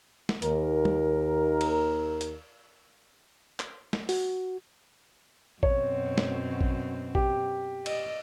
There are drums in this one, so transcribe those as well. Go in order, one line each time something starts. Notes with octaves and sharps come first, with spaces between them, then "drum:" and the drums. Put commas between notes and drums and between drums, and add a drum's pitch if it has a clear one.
drum: snare
D#2 A#4, drum: hi-hat
drum: tom
drum: cymbal
drum: hi-hat
drum: clap
drum: snare
F#4, drum: open hi-hat
F#2 B2 C4 C#5, drum: kick A1
drum: snare
drum: kick A1
G4, drum: kick A1
D5 D#5, drum: cymbal